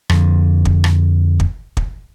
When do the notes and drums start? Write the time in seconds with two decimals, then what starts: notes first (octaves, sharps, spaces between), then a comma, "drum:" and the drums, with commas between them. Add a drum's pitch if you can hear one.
0.09 F2 D3, drum: rim click
0.65 drum: kick
0.84 drum: rim click
1.40 drum: kick
1.77 drum: kick